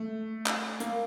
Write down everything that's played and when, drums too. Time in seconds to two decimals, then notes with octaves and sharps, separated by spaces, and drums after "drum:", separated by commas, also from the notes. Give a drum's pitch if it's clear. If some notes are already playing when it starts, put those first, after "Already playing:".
Already playing: A3
0.46 drum: clap
0.80 A#3, drum: hi-hat